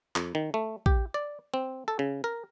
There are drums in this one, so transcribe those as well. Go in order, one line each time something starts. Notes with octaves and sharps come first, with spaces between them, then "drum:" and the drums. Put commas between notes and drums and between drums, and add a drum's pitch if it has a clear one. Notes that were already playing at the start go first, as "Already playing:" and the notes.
F2, drum: clap
D#3
A3
G4, drum: kick
D5
C4
A4
C#3
A#4